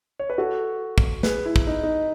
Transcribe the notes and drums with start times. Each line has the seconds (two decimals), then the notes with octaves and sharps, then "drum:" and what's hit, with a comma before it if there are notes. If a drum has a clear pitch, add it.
0.19 C#5
0.30 B4
0.38 F#4 A4
0.98 drum: kick
1.23 G#4 B4, drum: snare
1.46 E4
1.56 drum: kick
1.67 D#4
1.83 D#4